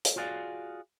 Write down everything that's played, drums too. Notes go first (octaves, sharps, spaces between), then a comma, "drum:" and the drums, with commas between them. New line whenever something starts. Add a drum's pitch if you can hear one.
drum: hi-hat
F4 F#4 G#4 D5 F5